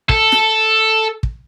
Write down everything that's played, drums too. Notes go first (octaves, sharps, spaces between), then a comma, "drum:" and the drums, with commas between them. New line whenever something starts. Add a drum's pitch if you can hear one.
A4, drum: kick
drum: snare
drum: kick